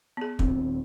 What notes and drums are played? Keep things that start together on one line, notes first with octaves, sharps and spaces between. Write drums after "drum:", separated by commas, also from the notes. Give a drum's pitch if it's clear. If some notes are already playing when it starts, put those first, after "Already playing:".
B3 G#4
D#1 D#3 C4, drum: kick